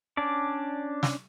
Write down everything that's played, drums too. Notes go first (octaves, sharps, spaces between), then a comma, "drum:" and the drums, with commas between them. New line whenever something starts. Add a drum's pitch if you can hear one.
C#4 D4 D5
drum: snare